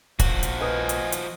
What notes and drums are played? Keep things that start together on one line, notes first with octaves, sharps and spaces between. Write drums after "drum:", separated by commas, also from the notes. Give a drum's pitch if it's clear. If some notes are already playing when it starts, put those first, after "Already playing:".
A#1 F3 F#4, drum: kick, hi-hat
drum: hi-hat
B4 D#5 G#5 D#6 F6
drum: hi-hat
drum: hi-hat